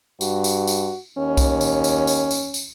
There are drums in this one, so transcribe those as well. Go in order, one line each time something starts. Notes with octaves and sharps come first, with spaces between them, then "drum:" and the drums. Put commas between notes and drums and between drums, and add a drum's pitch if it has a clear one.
G2 F#4, drum: tambourine
drum: tambourine
drum: tambourine
D#2 C#4
drum: kick C2, tambourine
drum: tambourine
drum: tambourine
drum: tambourine
drum: tambourine
drum: tambourine